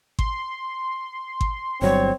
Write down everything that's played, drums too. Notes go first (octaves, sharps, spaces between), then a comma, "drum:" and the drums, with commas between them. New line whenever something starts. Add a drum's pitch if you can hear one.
C6, drum: kick G#1
drum: kick G#1
G1 F#3 G3 C4 C#5